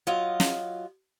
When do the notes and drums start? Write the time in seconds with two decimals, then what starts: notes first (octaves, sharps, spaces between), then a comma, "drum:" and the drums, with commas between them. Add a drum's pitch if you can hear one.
0.07 F#3 F4 D#5
0.40 drum: snare